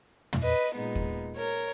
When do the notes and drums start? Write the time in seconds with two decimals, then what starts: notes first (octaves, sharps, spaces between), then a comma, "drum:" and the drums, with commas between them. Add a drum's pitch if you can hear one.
0.33 drum: tom
0.43 B4 D#5
0.74 A#2 G#3 B3 D#4
0.95 drum: kick
1.37 A#4 C#5